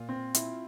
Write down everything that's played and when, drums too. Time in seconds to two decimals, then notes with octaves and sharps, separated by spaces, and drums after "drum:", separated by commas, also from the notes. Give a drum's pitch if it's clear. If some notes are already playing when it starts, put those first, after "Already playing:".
Already playing: A#2 F4
0.09 C4
0.35 E4, drum: hi-hat